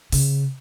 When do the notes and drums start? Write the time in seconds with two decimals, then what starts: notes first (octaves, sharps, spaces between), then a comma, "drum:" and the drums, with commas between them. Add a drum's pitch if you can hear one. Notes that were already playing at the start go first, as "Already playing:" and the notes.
0.12 C#3, drum: open hi-hat